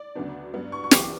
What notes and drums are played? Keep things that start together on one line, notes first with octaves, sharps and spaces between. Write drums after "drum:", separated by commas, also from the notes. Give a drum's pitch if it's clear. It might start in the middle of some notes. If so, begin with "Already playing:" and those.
Already playing: D5
D2 C#3 F#3 B3 D4
G2 F#3 B3
C#6
C#6
F#1 F#2 E3 B3 D6, drum: snare